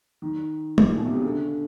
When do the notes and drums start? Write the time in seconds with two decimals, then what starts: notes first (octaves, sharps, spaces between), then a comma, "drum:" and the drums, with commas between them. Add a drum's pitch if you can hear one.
0.22 D#3
0.78 drum: tom
0.88 A#2
0.97 B2
1.05 C3
1.14 C#3
1.23 D3